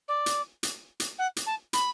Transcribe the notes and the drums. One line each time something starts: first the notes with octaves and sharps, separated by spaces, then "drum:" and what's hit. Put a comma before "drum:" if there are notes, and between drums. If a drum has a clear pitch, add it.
D5
drum: hi-hat
drum: hi-hat
drum: hi-hat
F#5
drum: hi-hat
A5
B5, drum: hi-hat